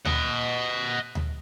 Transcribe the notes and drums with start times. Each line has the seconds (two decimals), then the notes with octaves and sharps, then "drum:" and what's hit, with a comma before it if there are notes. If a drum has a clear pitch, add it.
0.05 D#5 F#5, drum: tom D2
1.15 drum: tom D2